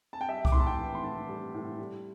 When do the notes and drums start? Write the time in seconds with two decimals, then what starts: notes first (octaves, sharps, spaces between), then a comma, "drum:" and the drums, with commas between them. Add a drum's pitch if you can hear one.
0.13 A5
0.21 G5
0.29 G3 E5
0.45 D6, drum: kick C2
0.52 A2 C6
0.60 A5
0.67 G5
0.79 E3
0.95 C6
1.03 A2 A5
1.29 G3
1.54 A2
1.78 G3